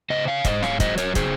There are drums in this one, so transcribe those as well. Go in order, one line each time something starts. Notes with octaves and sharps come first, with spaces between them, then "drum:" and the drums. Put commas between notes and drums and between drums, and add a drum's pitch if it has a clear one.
C#3 C5 D#5
C#5 F5
G#2 C5 D#5, drum: kick, hi-hat
C#5 F5, drum: snare
F#3 C5 D#5, drum: kick, hi-hat
A#4 C#5, drum: hi-hat
C#3 G#4 C5, drum: kick, hi-hat